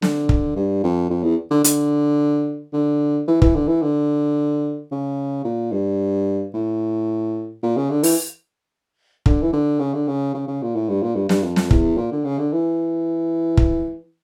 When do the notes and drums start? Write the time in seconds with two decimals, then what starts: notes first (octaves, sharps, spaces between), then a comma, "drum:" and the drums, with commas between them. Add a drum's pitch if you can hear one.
0.02 D3, drum: snare
0.29 drum: kick
0.56 G2
0.84 F2
1.10 F2
1.24 E2
1.51 D3
1.64 D3, drum: hi-hat
2.73 D3
3.28 E3
3.42 E3, drum: kick
3.55 D3
3.68 E3
3.82 D3
4.92 C#3
5.45 A#2
5.72 G2
6.54 A2
7.63 A#2
7.77 C#3
7.90 D3
8.03 E3, drum: open hi-hat
9.26 D3, drum: kick
9.42 E3
9.53 D3
9.80 C#3
9.94 D3
10.08 C#3
10.35 C#3
10.48 C#3
10.62 A#2
10.75 A2
10.89 G2
11.02 A#2
11.16 G2
11.29 G2, drum: snare
11.43 F2
11.56 drum: snare
11.71 E2, drum: kick
11.98 A#2
12.12 D3
12.25 C#3
12.39 D3
12.53 E3
13.57 drum: kick